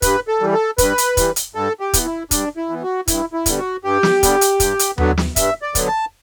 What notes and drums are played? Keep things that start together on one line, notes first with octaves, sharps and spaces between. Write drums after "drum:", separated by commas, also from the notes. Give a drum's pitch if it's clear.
G2 B4, drum: kick, hi-hat
A4
E3 G3
A4
G2 B4, drum: kick, hi-hat
drum: hi-hat
E3 G3, drum: kick, hi-hat
drum: hi-hat
G2 A4
G4
E3 B3, drum: kick, hi-hat
E4
G2 D4, drum: kick, hi-hat
E4
E3 B3
F#4
G2 E4, drum: kick, hi-hat
E4
D3 G3 B3, drum: kick, hi-hat
F#4
G2 G4
drum: snare
D3 G3 B3, drum: kick, hi-hat
drum: hi-hat
G2, drum: kick, hi-hat
drum: hi-hat
D3 F#3 B3, drum: tom D#2
drum: snare
G2 E5, drum: kick, hi-hat
D5
D3 F#3 B3, drum: kick, hi-hat
A5